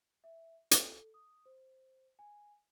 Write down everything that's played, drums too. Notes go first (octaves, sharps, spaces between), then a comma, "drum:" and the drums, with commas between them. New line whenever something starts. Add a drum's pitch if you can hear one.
E5
A4, drum: hi-hat
D#6
C5
G#5